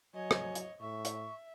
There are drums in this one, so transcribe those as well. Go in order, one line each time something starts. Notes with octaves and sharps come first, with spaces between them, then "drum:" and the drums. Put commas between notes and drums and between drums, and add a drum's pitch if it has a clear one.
F#3 C#5 D#5 G#5
drum: rim click
drum: hi-hat
A2 E5 C#6
drum: hi-hat